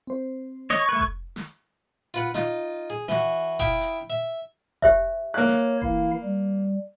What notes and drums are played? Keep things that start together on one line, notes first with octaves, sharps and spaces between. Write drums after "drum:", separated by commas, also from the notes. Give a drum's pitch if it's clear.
C4 C5
C#5 D#5 C#6 G#6, drum: snare
A3 B4
drum: kick F1
drum: snare
F4 B4 F#5
D#4 F4, drum: snare
G#4
E3 F#4, drum: snare
E4 E5 F5 G5 D#6, drum: kick F1
drum: hi-hat
E5
G4 C5 E5, drum: kick F1
A#3 C#5 F#6
drum: snare
E3 E4 F5, drum: kick F1
G3